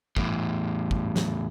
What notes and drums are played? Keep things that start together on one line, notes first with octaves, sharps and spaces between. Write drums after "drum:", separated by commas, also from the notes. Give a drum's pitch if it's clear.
E2 A2, drum: kick
drum: kick
drum: snare